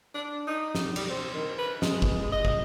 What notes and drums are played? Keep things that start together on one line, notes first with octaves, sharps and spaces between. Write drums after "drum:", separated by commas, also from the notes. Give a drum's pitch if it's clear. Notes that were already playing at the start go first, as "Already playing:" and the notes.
D4
D#4
drum: snare
G3, drum: cymbal
C4
D#3
B4
G#3, drum: snare
drum: kick
D#5
drum: kick